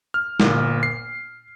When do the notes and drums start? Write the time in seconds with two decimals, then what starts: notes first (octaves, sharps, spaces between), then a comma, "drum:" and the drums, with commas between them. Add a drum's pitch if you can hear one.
0.14 F6
0.40 G1 A#2, drum: snare
0.83 C7